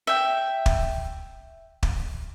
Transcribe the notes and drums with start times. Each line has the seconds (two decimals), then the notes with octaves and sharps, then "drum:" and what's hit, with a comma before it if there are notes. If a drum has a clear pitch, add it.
0.07 E5 G5
0.66 drum: kick
1.83 drum: kick